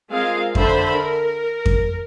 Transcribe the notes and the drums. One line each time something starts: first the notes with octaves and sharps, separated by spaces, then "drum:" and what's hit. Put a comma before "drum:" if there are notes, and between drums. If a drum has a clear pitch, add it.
G#3 C4 F4 G#4 A#4 F5
D3 C5 E5 B5, drum: kick F2
A#4
drum: kick F2